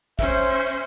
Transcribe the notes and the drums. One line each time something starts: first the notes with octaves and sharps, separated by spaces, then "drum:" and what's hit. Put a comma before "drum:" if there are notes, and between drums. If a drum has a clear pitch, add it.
C#4 C5 E5, drum: kick, hi-hat
drum: hi-hat
drum: hi-hat